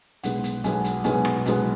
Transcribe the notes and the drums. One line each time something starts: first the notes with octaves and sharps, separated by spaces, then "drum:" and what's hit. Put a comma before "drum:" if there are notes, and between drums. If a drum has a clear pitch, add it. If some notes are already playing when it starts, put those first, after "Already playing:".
B1 B2 G#3 B3 F#5, drum: hi-hat
drum: hi-hat
B1 B2 G#3 B3 G#5, drum: hi-hat
drum: hi-hat
B1 B2 G#3 B3 G#5, drum: hi-hat
drum: rim click
B1 B2 G#3 B3, drum: hi-hat